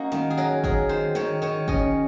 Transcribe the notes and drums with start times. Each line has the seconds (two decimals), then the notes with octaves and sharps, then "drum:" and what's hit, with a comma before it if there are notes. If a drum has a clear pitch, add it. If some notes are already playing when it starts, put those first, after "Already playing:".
Already playing: A#3 C#4 D#4 F#4
0.12 D#3, drum: snare
0.30 G#4
0.37 F#3 A#4
0.64 F#3 G#4, drum: kick G1
0.89 D#3 C5
1.15 D#3 C#5, drum: snare
1.42 D#3 C#5
1.68 C#4 D#5, drum: kick G1